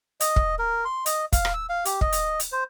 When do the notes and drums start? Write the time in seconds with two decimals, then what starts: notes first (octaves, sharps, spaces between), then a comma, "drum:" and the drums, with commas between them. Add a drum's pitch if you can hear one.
0.20 D#5, drum: hi-hat
0.36 drum: kick
0.59 A#4
0.85 C6
1.06 D#5, drum: hi-hat
1.33 F5, drum: kick, hi-hat
1.45 drum: rim click
1.54 E6
1.69 F5
1.85 G4, drum: hi-hat
2.01 D#5, drum: kick
2.12 drum: hi-hat
2.40 drum: hi-hat
2.52 C5